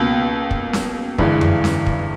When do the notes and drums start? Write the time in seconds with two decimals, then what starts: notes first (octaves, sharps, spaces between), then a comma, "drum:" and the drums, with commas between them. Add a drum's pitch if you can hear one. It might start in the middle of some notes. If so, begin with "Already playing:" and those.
Already playing: C#2 B2 A#3
0.51 drum: kick
0.73 drum: snare C#4
1.18 G1 G2 E3 G#3, drum: kick
1.41 drum: tom F2
1.64 drum: snare C#4
1.86 drum: kick